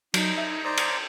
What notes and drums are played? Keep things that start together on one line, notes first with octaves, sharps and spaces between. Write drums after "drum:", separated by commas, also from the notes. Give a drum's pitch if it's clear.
F#3 D#4, drum: cymbal
E5
C5 D5 A#5 D#6
drum: cymbal